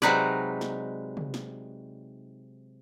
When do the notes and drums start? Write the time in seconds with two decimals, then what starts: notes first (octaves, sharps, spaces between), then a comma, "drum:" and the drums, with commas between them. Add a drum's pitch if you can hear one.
0.02 C3 F#3 G#3 D#4 B4 D5, drum: snare
0.61 drum: snare
1.17 drum: tom
1.34 drum: snare